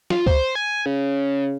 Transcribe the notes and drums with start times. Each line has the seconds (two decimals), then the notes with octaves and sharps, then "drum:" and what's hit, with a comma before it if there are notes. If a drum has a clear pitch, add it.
0.10 F4, drum: snare
0.26 C5, drum: kick
0.55 G#5
0.86 C#3